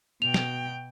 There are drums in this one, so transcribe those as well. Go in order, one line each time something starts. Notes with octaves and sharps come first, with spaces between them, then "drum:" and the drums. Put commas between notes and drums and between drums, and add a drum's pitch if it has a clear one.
B2 G5 F7
drum: snare